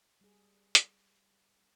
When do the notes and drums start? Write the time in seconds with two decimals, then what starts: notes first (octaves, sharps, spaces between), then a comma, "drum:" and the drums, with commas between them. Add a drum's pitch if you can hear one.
0.21 G3 G#4
0.75 drum: hi-hat